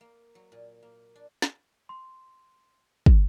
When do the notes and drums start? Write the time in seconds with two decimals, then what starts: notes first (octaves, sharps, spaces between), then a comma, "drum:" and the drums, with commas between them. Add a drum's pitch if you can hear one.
0.01 A#3
0.35 F#3
0.52 A#2
0.83 A#3
1.15 D4
1.42 drum: snare
1.89 C6
3.06 drum: kick